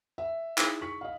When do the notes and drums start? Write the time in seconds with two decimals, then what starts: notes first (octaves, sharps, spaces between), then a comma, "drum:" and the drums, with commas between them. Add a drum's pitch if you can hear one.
0.18 E5
0.58 D#4 E4 G#4, drum: clap
0.82 C#6 B6 F#7
1.01 D#5 F5